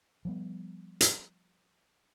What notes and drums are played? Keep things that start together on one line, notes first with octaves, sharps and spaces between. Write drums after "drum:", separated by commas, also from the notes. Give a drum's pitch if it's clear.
F3 G3 B3
drum: hi-hat